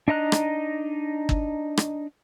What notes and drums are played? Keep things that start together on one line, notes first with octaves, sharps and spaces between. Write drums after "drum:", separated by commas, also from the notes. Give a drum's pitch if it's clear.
D4 D#4 D#5 A#5 F#6
drum: rim click
drum: kick
drum: rim click